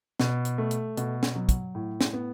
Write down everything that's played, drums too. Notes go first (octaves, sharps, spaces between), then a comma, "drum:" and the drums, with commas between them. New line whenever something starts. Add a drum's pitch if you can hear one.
B2, drum: snare
drum: hi-hat
A3
drum: hi-hat
B2, drum: hi-hat
drum: snare
F#3
drum: kick, hi-hat
A2
drum: snare
B3